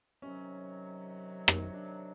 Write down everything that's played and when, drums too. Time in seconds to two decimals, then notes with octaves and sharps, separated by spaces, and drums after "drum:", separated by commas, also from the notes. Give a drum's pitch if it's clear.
0.22 C3 D#3 F#3 C#4
1.48 drum: rim click
1.73 D4